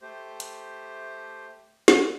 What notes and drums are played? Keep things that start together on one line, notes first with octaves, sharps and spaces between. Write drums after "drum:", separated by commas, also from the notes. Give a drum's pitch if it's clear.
A3 G4 C5
drum: hi-hat
drum: snare